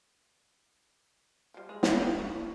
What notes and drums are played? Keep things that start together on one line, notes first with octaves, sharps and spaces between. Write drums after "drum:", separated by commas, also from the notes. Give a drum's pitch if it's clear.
F3 G3
G#3 G#4
E4 F4 A4 G5, drum: snare
F5
A#3 F#4 F#5
D4